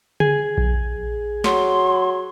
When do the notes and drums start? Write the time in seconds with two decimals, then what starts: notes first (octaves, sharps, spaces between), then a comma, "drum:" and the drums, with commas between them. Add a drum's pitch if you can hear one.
0.20 G#4, drum: tom C#3
0.58 drum: kick A#1
1.44 F#3 C6, drum: snare